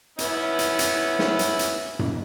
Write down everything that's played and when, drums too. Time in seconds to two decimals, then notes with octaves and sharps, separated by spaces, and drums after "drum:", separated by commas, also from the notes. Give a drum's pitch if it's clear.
0.19 B3 C#4 E4, drum: hi-hat
0.59 drum: hi-hat
0.79 drum: hi-hat
1.19 drum: snare
1.39 drum: hi-hat
1.59 drum: hi-hat
1.99 drum: tom F#2